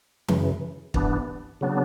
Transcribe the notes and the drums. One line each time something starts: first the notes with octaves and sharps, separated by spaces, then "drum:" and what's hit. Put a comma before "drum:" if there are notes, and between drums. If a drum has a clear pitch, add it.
F#2 C#3 E3, drum: tom E3
G2 E3 B3 D4, drum: kick
C#3 F#3 B3 D4